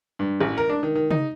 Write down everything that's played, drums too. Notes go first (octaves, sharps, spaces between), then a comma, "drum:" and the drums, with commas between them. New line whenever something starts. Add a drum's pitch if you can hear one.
G2
A1
A#4
D4
D#3
D#3
D#4, drum: tom